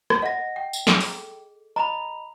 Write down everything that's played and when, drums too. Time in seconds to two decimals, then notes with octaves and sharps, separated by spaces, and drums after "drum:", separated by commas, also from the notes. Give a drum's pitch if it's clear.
0.10 drum: rim click
0.22 D#5 F#5 A#6
0.56 G5
0.73 drum: tambourine
0.87 G#4 A4, drum: snare
1.01 drum: open hi-hat
1.76 D#5 A#5 B5 F7